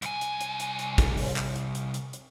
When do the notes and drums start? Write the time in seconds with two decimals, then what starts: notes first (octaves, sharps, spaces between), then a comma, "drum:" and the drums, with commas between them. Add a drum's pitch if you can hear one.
0.02 C2 G#5, drum: hi-hat
0.21 drum: hi-hat
0.40 drum: hi-hat
0.60 drum: hi-hat
0.79 drum: hi-hat
0.98 drum: kick, hi-hat
1.17 drum: open hi-hat
1.36 drum: clap
1.56 drum: hi-hat
1.75 drum: hi-hat
1.94 drum: hi-hat
2.13 drum: hi-hat